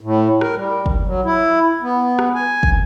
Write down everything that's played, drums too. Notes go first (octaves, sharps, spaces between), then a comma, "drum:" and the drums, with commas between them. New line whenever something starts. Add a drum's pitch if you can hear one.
A2
A#4, drum: rim click
G3
drum: kick
F#3
E4
B3
drum: rim click
G#5
drum: kick